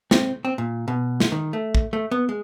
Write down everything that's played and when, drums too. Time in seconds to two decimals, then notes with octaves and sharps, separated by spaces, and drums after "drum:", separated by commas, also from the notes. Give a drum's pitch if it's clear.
0.11 C4, drum: snare
0.45 C4
0.58 A#2
0.88 B2
1.20 drum: snare
1.32 D#3
1.53 A3
1.75 drum: kick
1.93 A3
2.11 B3
2.29 G#3